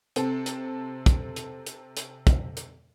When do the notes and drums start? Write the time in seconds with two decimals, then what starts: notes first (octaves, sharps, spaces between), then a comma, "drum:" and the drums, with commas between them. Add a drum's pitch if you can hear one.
0.16 C3 C4 A4, drum: hi-hat
0.46 drum: hi-hat
1.06 drum: kick, hi-hat
1.36 drum: hi-hat
1.66 drum: hi-hat
1.97 drum: hi-hat
2.27 drum: kick, hi-hat
2.57 drum: hi-hat